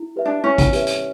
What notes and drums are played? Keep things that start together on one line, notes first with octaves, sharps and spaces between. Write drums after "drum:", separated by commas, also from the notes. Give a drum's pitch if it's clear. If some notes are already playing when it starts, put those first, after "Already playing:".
Already playing: E4
G4 B4 E5
D4
C#4 E4
drum: kick, hi-hat
G4 B4 E5, drum: hi-hat
drum: hi-hat